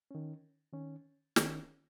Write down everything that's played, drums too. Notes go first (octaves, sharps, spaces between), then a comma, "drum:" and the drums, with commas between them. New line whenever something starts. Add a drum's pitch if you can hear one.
D#3 C#4
D#3 C#4
D#3 C#4, drum: snare